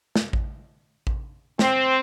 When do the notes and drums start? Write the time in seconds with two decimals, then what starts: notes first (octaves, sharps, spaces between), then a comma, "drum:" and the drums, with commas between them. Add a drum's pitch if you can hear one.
0.16 drum: snare
0.33 drum: kick A1
1.07 drum: kick A1
1.59 C4, drum: snare